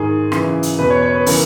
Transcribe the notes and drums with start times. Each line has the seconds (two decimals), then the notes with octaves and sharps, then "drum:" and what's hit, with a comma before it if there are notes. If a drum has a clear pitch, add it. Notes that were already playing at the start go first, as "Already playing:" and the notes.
Already playing: G#2 D#3 G#4
0.32 F#2 C#3 E3, drum: rim click
0.63 drum: hi-hat
0.79 E2 B2 B4
0.90 C#5
1.02 C#5
1.15 B4
1.26 C#3 E3 A#4, drum: open hi-hat